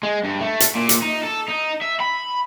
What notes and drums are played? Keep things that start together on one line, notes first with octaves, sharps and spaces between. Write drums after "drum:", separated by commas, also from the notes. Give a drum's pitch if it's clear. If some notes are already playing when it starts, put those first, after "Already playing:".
G#3
G2
A3
drum: hi-hat
A#2
drum: hi-hat
D#4
A4
D#4
E5
B5